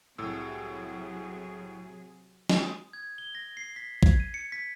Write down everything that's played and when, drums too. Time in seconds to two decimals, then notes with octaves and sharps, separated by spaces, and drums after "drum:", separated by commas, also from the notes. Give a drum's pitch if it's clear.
0.18 C2 A2 C3 F#3 G#4 E6
2.50 drum: snare
2.63 D#6
2.93 G#6
3.18 G7
3.35 A#6
3.57 C7
3.76 B6
4.03 G#6, drum: kick
4.20 D#7
4.34 C#7
4.52 B6